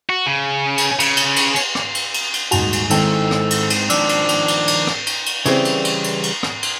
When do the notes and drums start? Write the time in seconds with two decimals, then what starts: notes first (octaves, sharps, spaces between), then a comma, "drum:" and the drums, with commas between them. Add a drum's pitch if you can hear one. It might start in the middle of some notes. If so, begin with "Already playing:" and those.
0.10 F#4
0.26 C#3
0.78 drum: cymbal
1.00 C#3, drum: cymbal
1.17 drum: cymbal
1.36 drum: cymbal
1.56 drum: cymbal
1.75 drum: rim click
1.95 drum: cymbal
2.14 drum: cymbal
2.34 drum: cymbal
2.51 D#1 G#2 F#4 G#5, drum: cymbal
2.73 drum: cymbal
2.90 G#1 G#2 D#3 E4 A4 G5, drum: cymbal
3.31 drum: rim click
3.51 drum: cymbal
3.70 drum: cymbal
3.90 D#3 F3 D4 E6, drum: cymbal
4.09 drum: cymbal
4.29 drum: cymbal
4.48 drum: cymbal
4.68 drum: cymbal
4.87 drum: rim click
5.07 drum: cymbal
5.26 drum: cymbal
5.46 C#3 E3 G3 C4, drum: cymbal
5.65 drum: cymbal
5.84 drum: cymbal
6.04 drum: cymbal
6.23 drum: cymbal
6.43 drum: rim click
6.62 drum: cymbal